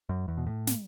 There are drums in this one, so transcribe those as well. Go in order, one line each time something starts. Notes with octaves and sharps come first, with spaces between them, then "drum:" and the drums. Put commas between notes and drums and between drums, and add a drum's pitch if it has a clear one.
F#2
E2
B2
A2
drum: snare